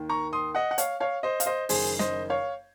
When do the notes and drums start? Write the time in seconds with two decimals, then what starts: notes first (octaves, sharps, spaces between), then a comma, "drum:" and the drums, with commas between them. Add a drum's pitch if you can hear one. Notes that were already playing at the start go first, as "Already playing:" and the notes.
Already playing: D#2 D#3
0.09 A#5 C#6
0.33 C6 D#6
0.55 D#5 F#5
0.71 F#5
0.78 C#5 F5, drum: hi-hat
1.00 C#5 F5
1.23 C5 D#5
1.40 F5, drum: hi-hat
1.46 C5 D#5
1.69 F#1 F#2 D#3 G#4 C5, drum: open hi-hat
1.99 C5 D#5, drum: snare
2.30 C#5 F5